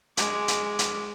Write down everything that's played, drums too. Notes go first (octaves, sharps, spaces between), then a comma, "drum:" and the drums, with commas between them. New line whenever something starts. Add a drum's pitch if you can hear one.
G#3 D6, drum: hi-hat
drum: hi-hat
drum: hi-hat